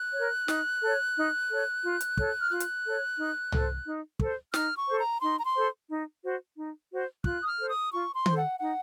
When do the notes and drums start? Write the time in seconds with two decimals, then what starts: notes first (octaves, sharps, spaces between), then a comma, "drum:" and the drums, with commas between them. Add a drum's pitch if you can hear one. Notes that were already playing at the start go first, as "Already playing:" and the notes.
Already playing: F#6
0.14 A#4 C#5
0.48 D#4, drum: snare
0.82 A4 C#5
1.16 D#4
1.50 A4 C#5
1.83 F4
2.01 drum: hi-hat
2.18 A4 C#5, drum: kick
2.40 F6
2.50 F4 F#6
2.60 drum: hi-hat
2.85 A4 C#5
3.18 D#4
3.52 A4 C5, drum: tom C2
3.86 D#4
4.20 A4 C5, drum: kick
4.54 D#4 F6, drum: snare
4.76 C#6
4.88 A4 C5
4.99 A#5
5.21 D#4 C6
5.38 A#5
5.44 C6
5.55 A4 C5
5.89 D#4
6.23 F#4 C5
6.57 D#4
6.91 F#4 C5
7.24 F4 F#6, drum: kick
7.41 D#6
7.47 F6
7.59 A4 C5
7.70 D#6
7.92 F4 C#6
8.15 C6
8.26 A4 C5, drum: tom D#3
8.37 F#5
8.59 D#4 F#5